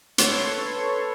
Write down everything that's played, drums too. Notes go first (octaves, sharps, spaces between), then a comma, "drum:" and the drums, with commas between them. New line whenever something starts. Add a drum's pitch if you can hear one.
A4 B4 C#5 C6 C#6, drum: hi-hat